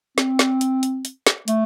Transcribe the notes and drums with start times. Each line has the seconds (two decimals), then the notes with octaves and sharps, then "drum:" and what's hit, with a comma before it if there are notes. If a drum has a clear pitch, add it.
0.18 C4, drum: snare
0.39 drum: snare
0.61 drum: hi-hat
0.83 drum: hi-hat
1.05 drum: hi-hat
1.27 drum: snare
1.48 A3, drum: hi-hat